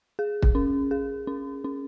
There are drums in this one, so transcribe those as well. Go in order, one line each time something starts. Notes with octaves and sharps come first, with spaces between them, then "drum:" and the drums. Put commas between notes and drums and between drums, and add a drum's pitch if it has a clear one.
G#4
drum: kick
C#4
G#4
C#4
C#4